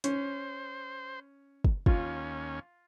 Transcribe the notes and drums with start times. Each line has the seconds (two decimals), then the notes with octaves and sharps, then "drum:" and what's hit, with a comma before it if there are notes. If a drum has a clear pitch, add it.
0.04 C#4 C5, drum: hi-hat
1.64 drum: kick
1.86 D#2 C#4 F4, drum: kick